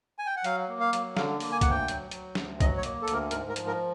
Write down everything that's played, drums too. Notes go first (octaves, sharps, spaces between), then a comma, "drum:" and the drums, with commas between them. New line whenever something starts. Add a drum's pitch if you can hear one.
G#5
G5
F#5
F#3 F5, drum: hi-hat
A#3
F5
F#3, drum: hi-hat
D3 F5, drum: snare
A#3, drum: open hi-hat
G#5
D2 F#5, drum: kick, hi-hat
G5
F#3, drum: hi-hat
F#3, drum: hi-hat
D2, drum: snare
F#3 D#5, drum: kick, hi-hat
C#5
A#3, drum: hi-hat
A4
D2, drum: hi-hat
A#4
G#2 A#4, drum: hi-hat
A#4
F3, drum: hi-hat
A#4